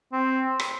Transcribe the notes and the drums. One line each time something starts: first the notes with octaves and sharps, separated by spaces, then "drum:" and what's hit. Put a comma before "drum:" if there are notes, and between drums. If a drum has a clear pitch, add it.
C4
drum: rim click